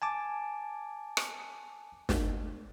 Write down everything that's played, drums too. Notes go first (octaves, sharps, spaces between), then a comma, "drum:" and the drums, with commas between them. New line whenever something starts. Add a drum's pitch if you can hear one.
G#5 A5 D6
drum: rim click
drum: snare